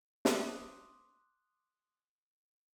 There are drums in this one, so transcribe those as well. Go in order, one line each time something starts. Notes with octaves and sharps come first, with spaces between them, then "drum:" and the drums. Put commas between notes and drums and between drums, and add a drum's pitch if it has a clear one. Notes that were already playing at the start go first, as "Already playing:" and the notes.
C6 D6 D#6 F#6, drum: snare